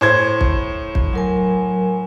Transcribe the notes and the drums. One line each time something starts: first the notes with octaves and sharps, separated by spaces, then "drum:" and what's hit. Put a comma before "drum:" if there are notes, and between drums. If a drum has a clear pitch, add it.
A2 C5 G#6
drum: kick
drum: kick
F#3 A#4 G#5